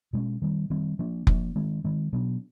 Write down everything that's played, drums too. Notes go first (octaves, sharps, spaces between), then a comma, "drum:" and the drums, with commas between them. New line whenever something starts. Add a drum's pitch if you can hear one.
B2 G#3 C#4
D#3 G3 C4
D#3 G3 C4
F3 A#3 D4
F3 A#3 D4, drum: kick F1
D#3 G#3 C4
D#3 G#3 C4
B2 F#3 B3 D4